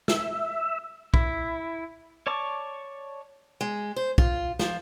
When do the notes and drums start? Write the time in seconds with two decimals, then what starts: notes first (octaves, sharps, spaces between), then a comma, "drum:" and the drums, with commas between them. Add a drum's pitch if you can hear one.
0.08 E5, drum: snare
1.14 E4, drum: kick
2.27 C#5 D5 A5 C#6 D6
3.61 G#3
3.96 C5
4.18 F4, drum: kick
4.59 F3, drum: snare